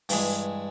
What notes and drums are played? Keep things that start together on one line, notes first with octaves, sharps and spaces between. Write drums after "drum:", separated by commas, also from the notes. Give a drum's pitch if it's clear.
G2 E3 G#3, drum: open hi-hat